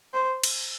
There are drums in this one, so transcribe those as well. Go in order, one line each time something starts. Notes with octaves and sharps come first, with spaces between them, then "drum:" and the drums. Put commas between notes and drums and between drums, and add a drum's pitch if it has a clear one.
C5
drum: cymbal